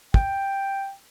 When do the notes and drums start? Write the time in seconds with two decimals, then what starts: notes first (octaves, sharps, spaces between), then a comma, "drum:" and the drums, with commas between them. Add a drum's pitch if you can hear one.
0.14 G5, drum: kick